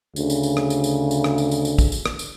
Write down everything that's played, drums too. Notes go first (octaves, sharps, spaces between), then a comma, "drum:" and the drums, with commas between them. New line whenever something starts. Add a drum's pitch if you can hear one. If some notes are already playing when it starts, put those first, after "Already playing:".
D2 C#3, drum: tambourine
drum: tambourine
drum: tambourine
drum: rim click
drum: tambourine
drum: tambourine
drum: tambourine
drum: rim click
drum: tambourine
drum: tambourine
drum: tambourine
drum: kick, tambourine
drum: tambourine
drum: rim click
drum: tambourine